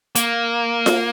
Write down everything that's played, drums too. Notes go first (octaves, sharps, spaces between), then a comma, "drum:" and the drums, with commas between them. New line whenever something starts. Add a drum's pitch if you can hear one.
A#3, drum: hi-hat
drum: snare F4